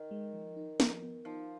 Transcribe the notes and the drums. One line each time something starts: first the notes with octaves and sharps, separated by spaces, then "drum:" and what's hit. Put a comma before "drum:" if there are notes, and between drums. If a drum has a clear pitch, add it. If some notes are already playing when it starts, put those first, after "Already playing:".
Already playing: D#3
G#3
F3
D#4
F3, drum: snare
B3
F3 D#4